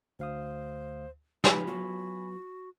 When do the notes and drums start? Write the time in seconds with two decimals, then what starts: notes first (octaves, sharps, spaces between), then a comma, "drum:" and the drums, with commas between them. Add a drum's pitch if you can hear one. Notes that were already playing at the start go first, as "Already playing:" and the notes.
0.19 D2 C5 F5 D#6
1.44 D#4 F4 G4 B4 G#5 B5, drum: snare
1.67 F#3 B3 F4 F#4